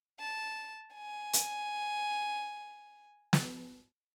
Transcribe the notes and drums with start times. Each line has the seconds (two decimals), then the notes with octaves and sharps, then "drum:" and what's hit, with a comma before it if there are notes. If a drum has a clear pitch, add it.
0.19 A5
0.94 G#5
1.33 drum: hi-hat
3.33 drum: snare